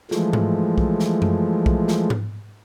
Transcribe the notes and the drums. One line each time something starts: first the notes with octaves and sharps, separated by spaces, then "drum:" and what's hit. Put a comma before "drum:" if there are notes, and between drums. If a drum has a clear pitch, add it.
E3 F3 G#3 A3, drum: snare
drum: tom G#2
drum: kick B1
drum: snare
drum: tom F#2
drum: kick B1
drum: snare
drum: tom G#2